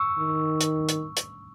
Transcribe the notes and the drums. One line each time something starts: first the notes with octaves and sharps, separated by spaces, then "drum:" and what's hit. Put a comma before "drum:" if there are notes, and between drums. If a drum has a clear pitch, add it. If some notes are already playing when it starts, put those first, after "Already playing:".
Already playing: C#6 E6
D#3
drum: hi-hat
drum: hi-hat
drum: hi-hat